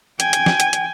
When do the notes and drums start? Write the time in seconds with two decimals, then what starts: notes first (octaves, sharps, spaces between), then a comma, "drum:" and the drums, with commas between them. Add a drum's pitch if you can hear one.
0.20 G5 G#5, drum: hi-hat
0.33 drum: hi-hat
0.46 drum: snare
0.60 drum: hi-hat
0.73 drum: hi-hat